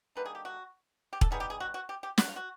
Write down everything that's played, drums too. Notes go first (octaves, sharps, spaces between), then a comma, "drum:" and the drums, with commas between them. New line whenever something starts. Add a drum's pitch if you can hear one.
D3 G3 A#3 D#4 B4
G#4
G4
F#4
G4
A4, drum: kick
G3 B3 D#4 G#4
G4
G#4
F#4
F#4
G4
G4
F#4, drum: snare
F4
F#4